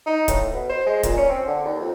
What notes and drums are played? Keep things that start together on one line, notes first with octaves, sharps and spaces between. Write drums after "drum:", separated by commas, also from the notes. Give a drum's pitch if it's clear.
D#4
A2, drum: kick D1, hi-hat
B2
C5
G#3
A#2, drum: kick D1, hi-hat
C#4
C4
D3
D#2
F2